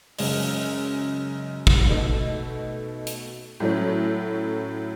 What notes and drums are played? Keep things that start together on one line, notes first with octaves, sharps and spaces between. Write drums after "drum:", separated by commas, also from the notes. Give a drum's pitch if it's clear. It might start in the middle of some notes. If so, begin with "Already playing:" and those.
F#2 C#3 G#3, drum: open hi-hat
drum: kick
B2 A3 D#4
drum: hi-hat
A2 F#3 A3 C#4